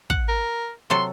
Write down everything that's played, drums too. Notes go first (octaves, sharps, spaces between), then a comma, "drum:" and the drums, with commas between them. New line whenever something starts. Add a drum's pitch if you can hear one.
F#5, drum: kick
A#4
C3 F#3 A4 C6